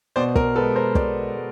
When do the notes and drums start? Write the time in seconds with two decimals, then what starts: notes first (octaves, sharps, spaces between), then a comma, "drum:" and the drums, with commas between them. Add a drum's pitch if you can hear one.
0.16 B2 C5 D5
0.36 A#4, drum: kick
0.55 G#3 B3 A4 B4
0.76 A#4 C5
0.95 B2 C5 D5, drum: kick
1.35 G#3